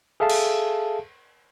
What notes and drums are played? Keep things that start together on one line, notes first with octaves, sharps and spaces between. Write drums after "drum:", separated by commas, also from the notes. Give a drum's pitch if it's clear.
G#4 A4 E5 F5 A5
drum: cymbal